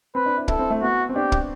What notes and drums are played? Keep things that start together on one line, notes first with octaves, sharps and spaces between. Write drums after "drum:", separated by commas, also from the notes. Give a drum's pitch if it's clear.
C4 B4
D4
E4
E4 A4, drum: kick
C4
A3
B3 F#4
C4
D4 G4
drum: kick